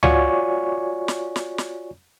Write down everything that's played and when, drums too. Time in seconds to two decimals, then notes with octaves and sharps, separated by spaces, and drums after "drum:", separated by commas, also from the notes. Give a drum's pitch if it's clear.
0.03 F4 F#4 C#5 D5 G#5 C#6, drum: tom C#2
1.08 drum: snare
1.36 drum: snare
1.58 drum: snare